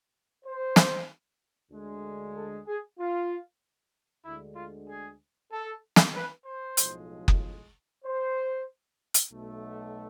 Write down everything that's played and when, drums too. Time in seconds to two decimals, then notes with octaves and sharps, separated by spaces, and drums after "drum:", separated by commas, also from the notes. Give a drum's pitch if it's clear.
0.45 C5
0.76 drum: snare
1.71 D2 D3 G#3
2.35 A4
2.66 G#4
2.98 F4
4.24 D2 D3 G#3 E4
4.56 F4
4.87 G#4
5.52 A4
5.96 drum: snare
6.15 B4
6.45 C5
6.77 B1 A2 F3 G#3, drum: hi-hat
7.28 drum: kick F#1
8.05 C5
9.14 drum: hi-hat
9.31 B1 B2 A3